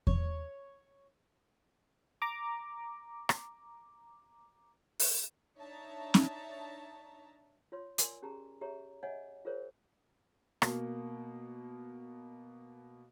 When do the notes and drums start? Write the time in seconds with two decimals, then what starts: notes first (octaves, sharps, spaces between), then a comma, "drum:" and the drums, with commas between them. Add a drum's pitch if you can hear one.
0.07 C#5, drum: kick E2
2.22 A#5 D6
3.29 drum: rim click
4.99 drum: open hi-hat
5.57 D4 D#4 C#5 E5 A5 A#5
6.14 drum: snare
7.72 F4 C#5 C6
7.98 A#4 D5 G#5 C6 E6, drum: hi-hat
8.22 C#4 G4 G#4 A5 A#5
8.61 G4 G#4 C#5 E5 A#5
9.03 C#5 D#5 E5 F#5 G#5
9.45 F4 G#4 A#4 C5 C#5
10.62 B2 A#3, drum: rim click